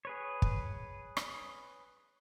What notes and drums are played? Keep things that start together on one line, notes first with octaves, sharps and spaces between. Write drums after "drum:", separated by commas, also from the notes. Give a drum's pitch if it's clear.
G#4 B4 C#5
drum: kick
drum: rim click